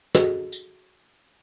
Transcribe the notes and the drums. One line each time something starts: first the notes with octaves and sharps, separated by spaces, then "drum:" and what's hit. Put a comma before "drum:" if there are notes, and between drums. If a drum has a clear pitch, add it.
F#4 G#4 A4 D#5, drum: snare
drum: tambourine